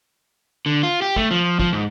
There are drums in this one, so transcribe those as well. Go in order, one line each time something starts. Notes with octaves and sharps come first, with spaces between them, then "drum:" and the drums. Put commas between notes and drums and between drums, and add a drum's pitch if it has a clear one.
D3
F4
G4
A3, drum: kick
F3
F3, drum: kick
G#2